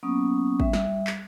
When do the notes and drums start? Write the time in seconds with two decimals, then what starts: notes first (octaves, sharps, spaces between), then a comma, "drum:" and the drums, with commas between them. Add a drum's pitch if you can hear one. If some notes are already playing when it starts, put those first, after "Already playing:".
0.03 F#3 A#3 B3 C#4 C#6 D#6
0.60 G3 E5, drum: kick
0.73 drum: snare
1.07 drum: clap